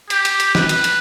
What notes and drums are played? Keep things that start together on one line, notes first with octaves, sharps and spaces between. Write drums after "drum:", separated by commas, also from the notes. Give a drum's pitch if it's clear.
G4, drum: hi-hat
drum: hi-hat
drum: hi-hat
B4, drum: snare
drum: hi-hat
drum: hi-hat